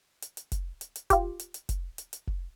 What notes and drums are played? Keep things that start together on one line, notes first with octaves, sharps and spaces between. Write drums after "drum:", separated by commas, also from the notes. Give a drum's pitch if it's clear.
drum: hi-hat
drum: hi-hat
drum: kick F1, hi-hat
drum: hi-hat
drum: hi-hat
F4 G4, drum: kick F1, hi-hat
drum: hi-hat
drum: hi-hat
drum: kick F1, hi-hat
drum: hi-hat
drum: hi-hat
drum: kick F1